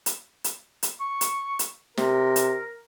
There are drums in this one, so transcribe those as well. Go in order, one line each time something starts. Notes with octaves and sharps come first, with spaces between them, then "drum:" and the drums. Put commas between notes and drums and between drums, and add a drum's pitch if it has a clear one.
drum: hi-hat
drum: hi-hat
drum: hi-hat
C#6
drum: hi-hat
drum: hi-hat
C3 A#4, drum: snare
drum: hi-hat